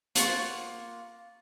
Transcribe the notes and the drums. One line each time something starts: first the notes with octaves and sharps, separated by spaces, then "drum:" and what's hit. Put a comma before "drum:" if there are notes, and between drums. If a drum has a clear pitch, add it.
A#3 F4 F#5 C#6, drum: hi-hat